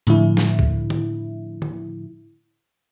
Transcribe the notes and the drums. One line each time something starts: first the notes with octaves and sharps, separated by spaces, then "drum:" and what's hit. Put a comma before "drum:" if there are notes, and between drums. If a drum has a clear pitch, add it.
A2 D3 F3 E4, drum: hi-hat
drum: snare
drum: kick
drum: tom D3
drum: tom D3